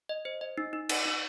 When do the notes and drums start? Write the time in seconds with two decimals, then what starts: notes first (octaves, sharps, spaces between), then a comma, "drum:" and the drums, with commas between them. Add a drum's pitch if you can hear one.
0.09 D#5
0.25 C5
0.41 D#5
0.58 D#4
0.73 D#4
0.89 D#4, drum: cymbal
1.06 D#4